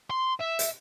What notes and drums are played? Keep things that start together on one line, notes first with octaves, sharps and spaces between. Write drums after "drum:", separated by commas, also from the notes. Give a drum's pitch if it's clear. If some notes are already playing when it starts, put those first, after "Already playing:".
C6
E5
drum: hi-hat